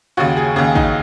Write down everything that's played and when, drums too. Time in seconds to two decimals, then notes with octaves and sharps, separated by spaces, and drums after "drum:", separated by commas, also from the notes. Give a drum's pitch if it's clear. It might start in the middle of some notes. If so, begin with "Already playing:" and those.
0.17 D#2 C#3 F#4
0.37 G#4
0.56 D#2 C#3 G#4
0.75 D#4, drum: kick